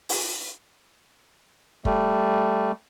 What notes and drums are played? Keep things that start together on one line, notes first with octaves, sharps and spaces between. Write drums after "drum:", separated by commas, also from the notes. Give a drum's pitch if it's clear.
drum: open hi-hat
G3 A3, drum: kick